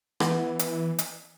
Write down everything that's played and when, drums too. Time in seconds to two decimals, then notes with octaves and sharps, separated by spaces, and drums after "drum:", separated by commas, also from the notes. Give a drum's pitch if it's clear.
0.20 E3 B3, drum: rim click
0.59 drum: hi-hat
0.98 drum: hi-hat